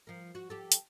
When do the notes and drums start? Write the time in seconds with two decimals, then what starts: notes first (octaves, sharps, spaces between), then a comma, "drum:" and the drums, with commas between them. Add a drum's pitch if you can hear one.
0.07 F3 A#4
0.35 F#4
0.50 G4 A4
0.72 drum: hi-hat